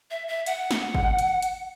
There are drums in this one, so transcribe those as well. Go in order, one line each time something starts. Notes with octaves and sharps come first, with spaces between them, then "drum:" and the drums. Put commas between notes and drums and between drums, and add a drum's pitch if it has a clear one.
E5
E5
F#5, drum: hi-hat
drum: snare
drum: kick
drum: hi-hat
drum: hi-hat